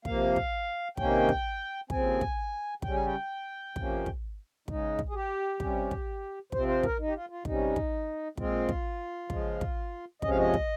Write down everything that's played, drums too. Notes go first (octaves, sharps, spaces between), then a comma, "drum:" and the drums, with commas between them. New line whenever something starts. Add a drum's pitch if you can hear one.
C3 F3 A#3 F5, drum: kick
drum: kick
C3 D#3 A#3 C#4 G5, drum: kick
drum: kick
D#2 C#3 F3 C4 G#5, drum: kick
drum: kick
C#3 G3 C#4 G5, drum: kick
G#5
G5
F2 C3 F3 A#3 C#4, drum: kick
drum: kick
C#3 G#3 D#4, drum: kick
drum: kick
G#4
G4
C3 G3 C#4, drum: kick
drum: kick
C3 F3 C4 C5, drum: kick
C5
A#4, drum: kick
D#4
G4
F4
F4
C3 G3 C#4 D#4, drum: kick
drum: kick
A#2 G#3 C4 F4, drum: kick
drum: kick
C#3 F3 G#3, drum: kick
drum: kick
F2 C3 F3 G#3 C#4 D#5, drum: kick
F5
D#5
drum: kick